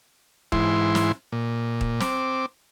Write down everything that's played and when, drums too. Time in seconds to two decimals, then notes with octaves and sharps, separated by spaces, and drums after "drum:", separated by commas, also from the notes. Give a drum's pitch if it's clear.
0.52 G#2 E3 E4 C6, drum: kick
0.95 drum: snare
1.32 A#2
1.81 drum: kick
2.00 C4 D6, drum: snare